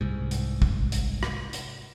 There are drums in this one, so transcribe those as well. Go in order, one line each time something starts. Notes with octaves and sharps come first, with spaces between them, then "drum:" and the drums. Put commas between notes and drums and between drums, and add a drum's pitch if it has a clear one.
C2 G#2
drum: hi-hat
drum: kick
drum: hi-hat
drum: rim click
drum: hi-hat